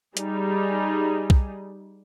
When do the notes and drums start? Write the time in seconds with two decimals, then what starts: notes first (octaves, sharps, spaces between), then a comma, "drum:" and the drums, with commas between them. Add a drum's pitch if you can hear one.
0.17 G3 D#4 G#4, drum: hi-hat
1.30 drum: kick B1